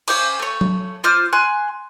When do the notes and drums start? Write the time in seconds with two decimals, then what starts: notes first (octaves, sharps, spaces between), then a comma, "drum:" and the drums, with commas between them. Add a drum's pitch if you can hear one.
0.08 C#4 G#4 C5 D6, drum: cymbal
0.39 A3 C#5
0.61 drum: tom F#3
1.04 F4 C5 D6 F6
1.33 G#5 C6 F#6